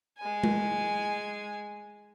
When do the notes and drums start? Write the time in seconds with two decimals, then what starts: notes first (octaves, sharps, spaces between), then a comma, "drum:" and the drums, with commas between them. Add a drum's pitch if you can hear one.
0.18 G#3 G#5
0.44 drum: tom G#3